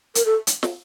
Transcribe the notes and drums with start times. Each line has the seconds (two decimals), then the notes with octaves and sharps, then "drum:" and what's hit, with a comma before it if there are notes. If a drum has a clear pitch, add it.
0.15 A#4, drum: hi-hat
0.26 A4
0.47 drum: hi-hat
0.63 drum: snare